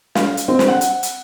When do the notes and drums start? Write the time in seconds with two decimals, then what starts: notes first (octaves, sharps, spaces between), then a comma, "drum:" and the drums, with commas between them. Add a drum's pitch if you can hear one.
0.15 F5, drum: snare
0.37 drum: hi-hat
0.48 C4
0.59 drum: snare
0.68 F#5
0.81 drum: hi-hat
1.03 drum: hi-hat